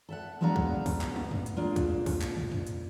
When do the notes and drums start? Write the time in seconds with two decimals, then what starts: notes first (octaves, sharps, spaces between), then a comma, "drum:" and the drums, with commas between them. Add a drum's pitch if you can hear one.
0.09 A4 E5 F#5
0.41 F#3 G#3 B3 D4 F5 A#5
0.56 drum: kick
0.86 drum: kick, open hi-hat
1.01 drum: clap
1.16 drum: tom
1.31 drum: tom F2
1.46 drum: hi-hat
1.57 G#3 A#3 D4 F4
1.76 drum: kick, hi-hat
2.06 drum: kick, open hi-hat
2.21 drum: clap
2.36 drum: tom
2.52 drum: tom F2
2.67 drum: hi-hat